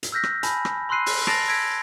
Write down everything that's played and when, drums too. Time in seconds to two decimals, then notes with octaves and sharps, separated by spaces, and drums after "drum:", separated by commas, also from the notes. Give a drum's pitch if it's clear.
0.03 drum: hi-hat
0.12 E6 F6 G6 A#6 B6
0.23 drum: rim click
0.43 G#5 A5 B5, drum: hi-hat
0.65 drum: rim click
0.89 B5 C6 E6 F#6 C7 D#7
1.06 drum: open hi-hat
1.27 A5 A6 A#6 C7 D7 F7, drum: rim click
1.48 E6 G#6 A#6 B6 D7